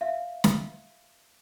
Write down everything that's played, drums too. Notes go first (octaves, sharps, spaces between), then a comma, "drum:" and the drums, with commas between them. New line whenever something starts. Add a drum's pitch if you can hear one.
E5 F5
drum: snare